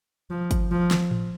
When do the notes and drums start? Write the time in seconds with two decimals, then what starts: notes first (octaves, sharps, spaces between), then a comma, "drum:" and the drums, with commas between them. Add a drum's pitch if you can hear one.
0.31 F3
0.51 drum: kick G1, hi-hat
0.71 F3
0.91 drum: snare
1.11 drum: tom A2